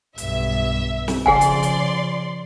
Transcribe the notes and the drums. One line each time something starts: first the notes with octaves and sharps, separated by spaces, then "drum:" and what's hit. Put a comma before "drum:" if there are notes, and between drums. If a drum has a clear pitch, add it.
B1 G2 E5, drum: hi-hat
drum: snare
C#3 F3 G#4 D5 F#5 G#5 C6, drum: kick
drum: hi-hat
drum: hi-hat